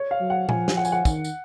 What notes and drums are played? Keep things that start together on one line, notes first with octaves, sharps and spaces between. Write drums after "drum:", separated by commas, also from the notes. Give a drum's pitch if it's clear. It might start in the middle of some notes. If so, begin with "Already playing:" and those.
Already playing: C#5
F5
F#3
F#5
F3 G#5, drum: tom A#2
drum: snare
F#5
G#5, drum: tambourine
F#5
D#3, drum: kick, tambourine
drum: tambourine